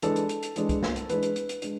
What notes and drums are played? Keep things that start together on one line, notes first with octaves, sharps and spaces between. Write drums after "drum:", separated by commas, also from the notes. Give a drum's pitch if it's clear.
E3 G#3 D4 A4, drum: hi-hat
drum: hi-hat
drum: hi-hat
drum: hi-hat
E3 G#3 D4, drum: hi-hat
drum: kick, hi-hat
drum: snare
drum: hi-hat
E3 G#3 D4 B4, drum: hi-hat
drum: hi-hat
drum: hi-hat
drum: hi-hat
G#3 D4, drum: hi-hat